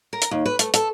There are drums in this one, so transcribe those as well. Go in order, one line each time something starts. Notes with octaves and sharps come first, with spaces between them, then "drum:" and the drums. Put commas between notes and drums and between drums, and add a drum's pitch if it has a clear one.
A#4
drum: hi-hat
D#2
B4
A3, drum: hi-hat
A4, drum: hi-hat